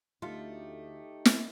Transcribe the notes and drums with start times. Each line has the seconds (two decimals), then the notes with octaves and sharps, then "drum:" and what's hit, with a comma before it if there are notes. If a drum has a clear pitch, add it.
0.22 D2 A3 D#4 F4 G4
1.25 drum: snare